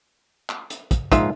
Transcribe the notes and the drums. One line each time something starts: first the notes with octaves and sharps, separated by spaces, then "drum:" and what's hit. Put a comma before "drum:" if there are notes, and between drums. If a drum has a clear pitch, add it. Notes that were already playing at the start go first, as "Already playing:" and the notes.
drum: clap
drum: hi-hat
drum: kick, hi-hat
A#1 G#2 D#4 F4 E5, drum: kick, hi-hat